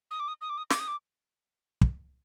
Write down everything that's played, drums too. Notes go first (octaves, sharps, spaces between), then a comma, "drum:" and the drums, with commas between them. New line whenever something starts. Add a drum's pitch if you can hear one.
D#6
D6
D#6
D#6
D6
D#6
D6, drum: snare
D#6
D6
drum: kick